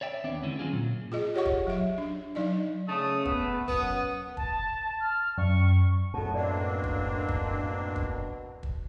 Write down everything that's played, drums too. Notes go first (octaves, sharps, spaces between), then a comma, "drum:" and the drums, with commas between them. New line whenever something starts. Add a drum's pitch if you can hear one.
C#5 D5 E5 G5
D#2 B3 C4 D4 D5
D3 G#3 C#4 E4
F#3 C4 C#4 F4 G#4
A#2
F4 G#4 D#5
G4 C#5 F#5 C#6
drum: kick
F#3 E5
D4
F#3 D#4 D5 D#5
C#3 A3 D#6
B3 B4, drum: kick
F#2 B3 D#6, drum: kick
A5, drum: kick
F6
F#2 C#6
F#2 A2 B3 F#4 A4 A5
B2 A#3 C4 D4 D5
drum: kick
drum: kick
drum: kick
drum: kick